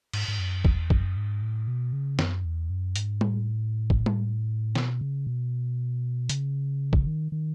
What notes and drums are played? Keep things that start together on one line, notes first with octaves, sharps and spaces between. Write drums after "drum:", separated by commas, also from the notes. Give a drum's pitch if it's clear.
G#2, drum: cymbal
G#2
F#2
E2, drum: kick
F#2, drum: kick
G#2
A2
B2
C#3
F#2, drum: snare
E2
F#2
G#2, drum: hi-hat
A2, drum: tom G3
drum: kick
drum: tom G3
B2, drum: snare
C#3
B2
C#3, drum: hi-hat
drum: kick
D#3
D#3